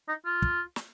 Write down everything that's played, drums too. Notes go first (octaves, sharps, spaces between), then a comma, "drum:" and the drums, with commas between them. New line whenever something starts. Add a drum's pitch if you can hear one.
D#4
F4
drum: kick
drum: snare